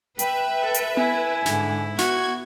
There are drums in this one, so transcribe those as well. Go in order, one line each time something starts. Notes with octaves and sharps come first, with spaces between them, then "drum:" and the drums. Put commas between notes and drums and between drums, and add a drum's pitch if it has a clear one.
B4 E5 G5 B5, drum: hi-hat
A4
drum: hi-hat
E4 G#5, drum: tom B3
G#2 D3, drum: snare
B3 F#4 G#6, drum: snare